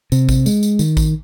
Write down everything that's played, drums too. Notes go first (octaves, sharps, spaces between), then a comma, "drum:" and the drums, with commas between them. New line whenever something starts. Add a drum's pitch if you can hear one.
C3, drum: tambourine
drum: kick A1, tambourine
G#3, drum: tambourine
drum: tambourine
D#3, drum: tambourine
drum: kick A1, tambourine